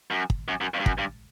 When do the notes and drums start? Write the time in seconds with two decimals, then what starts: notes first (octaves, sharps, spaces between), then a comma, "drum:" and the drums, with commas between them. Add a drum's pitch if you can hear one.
0.11 F#2
0.30 drum: kick
0.48 F#2
0.61 F#2
0.74 F2
0.80 G2
0.86 F#2, drum: kick
0.98 G2